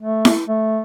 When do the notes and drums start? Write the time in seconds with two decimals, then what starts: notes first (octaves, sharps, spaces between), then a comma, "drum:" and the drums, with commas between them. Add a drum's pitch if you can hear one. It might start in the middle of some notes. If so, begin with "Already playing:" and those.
0.01 A3
0.25 drum: snare E4
0.48 A3